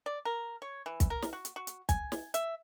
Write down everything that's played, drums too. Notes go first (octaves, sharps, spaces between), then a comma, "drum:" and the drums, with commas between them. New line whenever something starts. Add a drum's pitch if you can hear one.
D5
A#4
C#5
E3
drum: kick, hi-hat
A#4
drum: snare
F#4
drum: hi-hat
F#4
drum: hi-hat
G#5, drum: kick, hi-hat
drum: snare
E5, drum: hi-hat